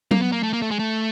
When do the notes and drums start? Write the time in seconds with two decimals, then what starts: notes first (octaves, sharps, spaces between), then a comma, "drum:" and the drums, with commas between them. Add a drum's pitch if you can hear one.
0.11 A#3, drum: tom F#3
0.22 B3
0.32 A#3
0.43 A3
0.53 A#3
0.62 A3
0.71 G#3
0.79 A3